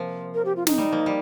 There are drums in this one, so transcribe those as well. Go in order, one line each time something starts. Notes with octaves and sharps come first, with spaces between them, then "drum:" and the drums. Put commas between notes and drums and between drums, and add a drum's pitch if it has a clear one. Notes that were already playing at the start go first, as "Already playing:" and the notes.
Already playing: C3 F3 A#3
A#4
G4
F4
D#4, drum: snare
G3
F3 A#3
G3